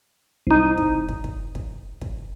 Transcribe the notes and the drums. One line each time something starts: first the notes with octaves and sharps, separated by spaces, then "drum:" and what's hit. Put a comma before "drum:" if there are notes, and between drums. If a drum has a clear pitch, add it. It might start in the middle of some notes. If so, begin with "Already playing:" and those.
C2 D#4
drum: kick
drum: kick
drum: kick
drum: kick
drum: kick